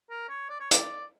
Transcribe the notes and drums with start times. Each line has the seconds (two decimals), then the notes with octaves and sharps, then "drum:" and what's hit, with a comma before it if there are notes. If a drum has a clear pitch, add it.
0.10 A#4
0.29 C#5
0.49 D5
0.60 C#5
0.71 D5, drum: hi-hat